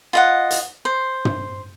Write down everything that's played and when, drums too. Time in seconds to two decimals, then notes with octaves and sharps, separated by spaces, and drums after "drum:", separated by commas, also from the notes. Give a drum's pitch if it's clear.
0.13 F4 D#5 F#5
0.51 drum: hi-hat
0.85 C5
1.25 drum: tom